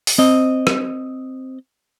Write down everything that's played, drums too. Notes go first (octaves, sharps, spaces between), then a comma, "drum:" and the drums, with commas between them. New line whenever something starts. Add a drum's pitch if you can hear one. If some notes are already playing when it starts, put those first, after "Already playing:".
drum: open hi-hat
C4 D#5
drum: rim click